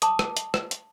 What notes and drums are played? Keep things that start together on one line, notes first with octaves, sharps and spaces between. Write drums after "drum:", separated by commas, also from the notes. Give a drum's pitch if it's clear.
A5 D6 D#6, drum: hi-hat
drum: rim click
drum: hi-hat
drum: rim click
drum: hi-hat